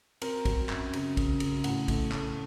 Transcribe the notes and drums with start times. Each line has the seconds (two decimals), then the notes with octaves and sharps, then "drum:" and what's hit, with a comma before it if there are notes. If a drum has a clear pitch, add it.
0.22 C4 A#4, drum: cymbal
0.45 F#3, drum: kick, cymbal
0.69 F#2, drum: clap
0.93 C#3, drum: cymbal
1.17 C#3, drum: kick, cymbal
1.40 C#3, drum: cymbal
1.64 A2 F#5, drum: cymbal
1.88 A3, drum: kick, cymbal
2.12 A3, drum: clap